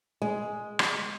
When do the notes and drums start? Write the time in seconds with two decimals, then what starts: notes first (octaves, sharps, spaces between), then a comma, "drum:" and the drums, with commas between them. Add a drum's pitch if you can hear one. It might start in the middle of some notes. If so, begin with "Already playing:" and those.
0.22 G#3
0.79 drum: rim click